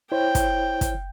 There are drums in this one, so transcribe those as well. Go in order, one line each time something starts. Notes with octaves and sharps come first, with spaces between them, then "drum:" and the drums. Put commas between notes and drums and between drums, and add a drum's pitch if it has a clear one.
E4 C5 C#5 G5
drum: kick, hi-hat
drum: kick, hi-hat